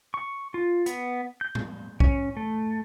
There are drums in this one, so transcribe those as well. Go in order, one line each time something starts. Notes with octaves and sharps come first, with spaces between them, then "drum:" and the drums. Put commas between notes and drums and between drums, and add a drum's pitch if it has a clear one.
C#6
F4
B3, drum: hi-hat
G6
drum: tom A2
C#4, drum: kick
A3